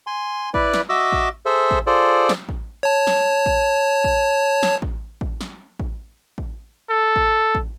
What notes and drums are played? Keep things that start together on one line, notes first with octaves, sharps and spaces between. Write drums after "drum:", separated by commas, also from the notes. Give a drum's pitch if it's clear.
G#5 C6
E4 B4 D5, drum: kick A1
drum: snare
F#4 D#5 E5 D6 E6
drum: kick A1
G#4 A4 C5 E5
drum: kick A1
F4 G#4 A4 C5 D5
drum: snare
drum: kick A1
C#5 A5
drum: snare
drum: kick A1
drum: kick A1
drum: snare
drum: kick A1
drum: kick A1
drum: snare
drum: kick A1
drum: kick A1
A4
drum: kick A1
drum: kick A1